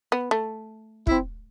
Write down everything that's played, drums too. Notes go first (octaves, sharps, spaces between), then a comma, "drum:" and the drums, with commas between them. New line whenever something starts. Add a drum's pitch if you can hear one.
B3
A3
C4 E4, drum: kick